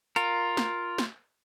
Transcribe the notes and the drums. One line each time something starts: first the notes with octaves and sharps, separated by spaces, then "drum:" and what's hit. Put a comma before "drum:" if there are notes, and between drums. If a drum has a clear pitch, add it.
F4 A#4, drum: hi-hat
drum: snare
drum: snare